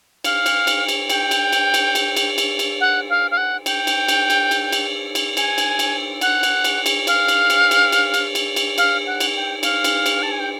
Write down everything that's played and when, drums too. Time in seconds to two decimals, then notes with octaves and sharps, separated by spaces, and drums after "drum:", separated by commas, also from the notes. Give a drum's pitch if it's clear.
0.24 F5, drum: cymbal
0.46 drum: cymbal
0.67 drum: cymbal
0.89 drum: cymbal
1.10 G5, drum: cymbal
1.31 drum: cymbal
1.53 drum: cymbal
1.74 drum: cymbal
1.95 drum: cymbal
2.17 drum: cymbal
2.38 drum: cymbal
2.59 drum: cymbal
2.80 F#5
3.09 F5
3.31 F5
3.37 F#5
3.66 G5, drum: cymbal
3.87 drum: cymbal
4.08 drum: cymbal
4.30 drum: cymbal
4.51 drum: cymbal
4.72 drum: cymbal
5.15 drum: cymbal
5.37 G#5, drum: cymbal
5.58 drum: cymbal
5.79 drum: cymbal
6.21 F#5, drum: cymbal
6.43 drum: cymbal
6.64 drum: cymbal
6.86 drum: cymbal
7.07 F5, drum: cymbal
7.28 drum: cymbal
7.50 drum: cymbal
7.71 drum: cymbal
7.92 drum: cymbal
8.14 drum: cymbal
8.35 drum: cymbal
8.56 drum: cymbal
8.78 F5, drum: cymbal
9.06 F#5
9.20 drum: cymbal
9.35 G5
9.63 F5, drum: cymbal
9.84 drum: cymbal
10.06 drum: cymbal
10.22 A5
10.31 G#5
10.40 G5